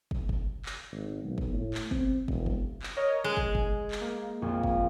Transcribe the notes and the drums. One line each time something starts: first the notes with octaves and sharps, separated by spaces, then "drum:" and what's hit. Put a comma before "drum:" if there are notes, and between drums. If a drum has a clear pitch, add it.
drum: kick
drum: kick
drum: clap
G#1
B1
drum: kick
A2
drum: clap
C4, drum: kick
E1, drum: kick
drum: kick
drum: clap
A#4 C#5 D#5
G#3 G#5
drum: kick
drum: kick
drum: clap
A#3
A#1 F2
drum: kick